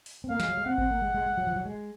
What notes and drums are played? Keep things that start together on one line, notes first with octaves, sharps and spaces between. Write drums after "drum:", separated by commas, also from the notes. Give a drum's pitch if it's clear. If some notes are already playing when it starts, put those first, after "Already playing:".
drum: open hi-hat
C4
A#3 F5
G#3, drum: snare
F#3
G#3
C4 F#5
C4, drum: kick G#1
A#3
G#3
G#3
G#3
F#3
F3
F#3
G#3